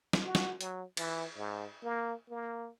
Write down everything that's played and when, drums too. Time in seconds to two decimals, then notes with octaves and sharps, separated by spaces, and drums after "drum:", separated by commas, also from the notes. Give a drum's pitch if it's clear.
0.13 drum: snare
0.24 F#4
0.35 drum: snare
0.61 F#3, drum: hi-hat
0.97 E3, drum: cymbal
1.37 G#2
1.82 A#3
2.29 A#3